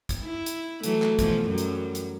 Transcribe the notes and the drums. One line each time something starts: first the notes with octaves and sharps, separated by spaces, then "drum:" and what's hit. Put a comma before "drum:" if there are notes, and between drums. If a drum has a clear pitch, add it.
drum: kick, hi-hat
E4
drum: hi-hat
E3 F#3 A3, drum: hi-hat
drum: clap
B2 E3 F3, drum: kick, hi-hat
F#2 F#3 G3
drum: hi-hat
drum: hi-hat